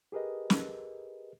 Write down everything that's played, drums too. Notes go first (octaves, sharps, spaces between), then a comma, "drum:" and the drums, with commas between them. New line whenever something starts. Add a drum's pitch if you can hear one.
G4 G#4 A#4 B4 D#5
drum: snare